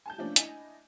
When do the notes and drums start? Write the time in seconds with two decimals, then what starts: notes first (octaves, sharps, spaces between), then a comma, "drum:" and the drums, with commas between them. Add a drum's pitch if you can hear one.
0.06 G#5 A5 G6
0.18 F3 G3 A3 A#3 C#4 D4
0.36 D4 E4 D#5 G#5, drum: hi-hat